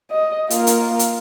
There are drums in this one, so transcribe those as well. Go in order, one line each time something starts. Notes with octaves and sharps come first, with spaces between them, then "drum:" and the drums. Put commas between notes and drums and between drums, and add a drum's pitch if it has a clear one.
D#5
A#3 F4 A#4, drum: hi-hat
drum: hi-hat
drum: hi-hat